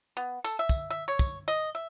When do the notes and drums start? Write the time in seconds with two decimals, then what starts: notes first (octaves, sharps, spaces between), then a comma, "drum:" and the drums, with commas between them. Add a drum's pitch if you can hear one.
0.17 B3
0.44 A4, drum: tambourine
0.59 E5
0.69 drum: kick, tambourine
0.90 E5
1.08 C#5
1.19 drum: kick, tambourine
1.48 D#5
1.75 E5